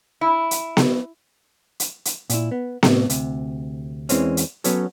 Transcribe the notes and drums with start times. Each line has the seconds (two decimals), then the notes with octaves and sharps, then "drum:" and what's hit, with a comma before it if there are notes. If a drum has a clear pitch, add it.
0.21 E4
0.51 drum: hi-hat
0.77 drum: snare B3
1.80 drum: hi-hat
2.05 drum: hi-hat
2.30 A#2 E4, drum: hi-hat
2.51 B3
2.83 A2 C3, drum: snare B3
3.10 D2 C3, drum: hi-hat
4.09 E2 E3 G#3 C4 C#4, drum: hi-hat
4.37 drum: hi-hat
4.64 F#3 B3 C#4 A4, drum: hi-hat